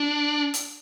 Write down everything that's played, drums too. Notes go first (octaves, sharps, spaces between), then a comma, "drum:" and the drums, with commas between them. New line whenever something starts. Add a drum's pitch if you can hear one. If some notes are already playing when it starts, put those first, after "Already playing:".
Already playing: D4
drum: hi-hat